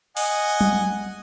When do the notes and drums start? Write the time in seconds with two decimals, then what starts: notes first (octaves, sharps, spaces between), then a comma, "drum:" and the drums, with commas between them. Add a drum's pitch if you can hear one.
0.17 D#5 F#5 G#5, drum: open hi-hat
0.61 drum: tom F#3